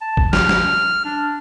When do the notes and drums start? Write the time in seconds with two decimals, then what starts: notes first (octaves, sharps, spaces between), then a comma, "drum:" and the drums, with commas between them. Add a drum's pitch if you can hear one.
0.01 A5
0.17 drum: kick
0.33 F6, drum: snare
0.49 drum: snare
1.05 D4